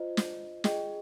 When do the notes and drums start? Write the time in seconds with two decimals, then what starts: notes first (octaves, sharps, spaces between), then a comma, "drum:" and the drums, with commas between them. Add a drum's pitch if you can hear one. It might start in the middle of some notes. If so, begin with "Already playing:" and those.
Already playing: F4 C5 D#5
0.17 drum: snare
0.64 F4 G#4 D#5 G5, drum: snare